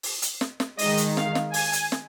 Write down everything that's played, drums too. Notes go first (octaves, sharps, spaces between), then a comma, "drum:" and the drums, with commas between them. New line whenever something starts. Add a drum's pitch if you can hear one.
drum: open hi-hat
drum: hi-hat
drum: snare
drum: snare
D#3 G#3 D#4 D#5, drum: open hi-hat
drum: hi-hat
F5, drum: snare
drum: snare
G#5, drum: open hi-hat
drum: hi-hat
drum: snare